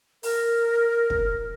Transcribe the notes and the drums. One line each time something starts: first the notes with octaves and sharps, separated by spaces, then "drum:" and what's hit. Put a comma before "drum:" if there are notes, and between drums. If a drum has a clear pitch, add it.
A#4, drum: open hi-hat
drum: kick